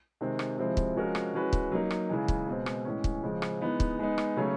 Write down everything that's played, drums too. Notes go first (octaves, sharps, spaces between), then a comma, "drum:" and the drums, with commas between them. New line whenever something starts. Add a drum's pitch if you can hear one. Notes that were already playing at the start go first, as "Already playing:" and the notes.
C3 D#3 G#3 C4
drum: rim click
C3 F3 G#3 C4 E4
drum: kick
F3 G#3 C#4 F#4 A#4
drum: rim click
E3 G#3 C#4 F#4 B4
drum: kick
F#3 A#3 D#4
drum: rim click
C#3 E3 G#3
drum: kick
B2 G#3 C4
drum: rim click
A2 E3 G#3 C#4
drum: kick
C#3 F3 G#3 C4
drum: rim click
E3 G#3 B3 D#4
drum: kick
G#3 B3 D#4
drum: rim click
C#3 F#3 A3 C#4